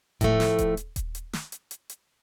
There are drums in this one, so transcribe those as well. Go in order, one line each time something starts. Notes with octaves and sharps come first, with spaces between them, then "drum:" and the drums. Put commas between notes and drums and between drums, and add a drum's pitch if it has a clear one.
A2 F3 A3, drum: kick D#1, hi-hat
drum: snare
drum: kick D#1, hi-hat
drum: hi-hat
drum: kick D#1, hi-hat
drum: hi-hat
drum: snare
drum: hi-hat
drum: hi-hat
drum: hi-hat